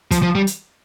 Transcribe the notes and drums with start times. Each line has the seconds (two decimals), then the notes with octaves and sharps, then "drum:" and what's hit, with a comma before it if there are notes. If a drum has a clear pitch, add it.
0.11 F3, drum: kick, hi-hat
0.23 F3
0.35 G3
0.47 drum: hi-hat